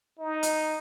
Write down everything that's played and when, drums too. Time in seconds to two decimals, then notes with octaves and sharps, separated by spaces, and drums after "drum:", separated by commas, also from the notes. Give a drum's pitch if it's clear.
0.19 D#4
0.43 drum: hi-hat